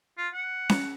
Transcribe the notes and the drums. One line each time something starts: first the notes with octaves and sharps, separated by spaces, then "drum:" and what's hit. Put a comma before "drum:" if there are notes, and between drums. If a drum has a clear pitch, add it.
F4
F#5
drum: snare C#4